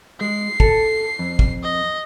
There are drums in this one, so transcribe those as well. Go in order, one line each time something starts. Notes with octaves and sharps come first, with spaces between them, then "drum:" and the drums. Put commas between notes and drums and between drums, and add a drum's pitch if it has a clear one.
G#3 C7
A4, drum: kick
F2
drum: kick
D#5